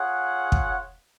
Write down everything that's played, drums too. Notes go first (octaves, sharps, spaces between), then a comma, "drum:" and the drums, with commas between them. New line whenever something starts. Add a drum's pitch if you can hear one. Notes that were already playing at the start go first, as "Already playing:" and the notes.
Already playing: F4 G#4 C#5 F#5
drum: kick